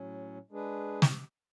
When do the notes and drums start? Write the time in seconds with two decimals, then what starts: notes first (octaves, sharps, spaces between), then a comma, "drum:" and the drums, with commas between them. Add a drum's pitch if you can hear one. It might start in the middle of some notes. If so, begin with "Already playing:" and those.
Already playing: A2 F#3 C#4
0.51 G#3 D4 G#4 B4
1.02 drum: snare